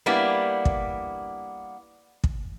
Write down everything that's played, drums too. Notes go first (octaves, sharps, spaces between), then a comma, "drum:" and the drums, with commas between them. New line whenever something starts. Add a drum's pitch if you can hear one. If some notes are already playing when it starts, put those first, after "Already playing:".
G3 A#3 B3 D4 E4
drum: kick
drum: kick